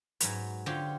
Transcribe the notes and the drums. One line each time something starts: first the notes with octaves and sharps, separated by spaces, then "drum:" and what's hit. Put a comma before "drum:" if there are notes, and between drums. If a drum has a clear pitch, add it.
G#2 F#3 B4, drum: hi-hat
D3 F4 G4 C5 C#5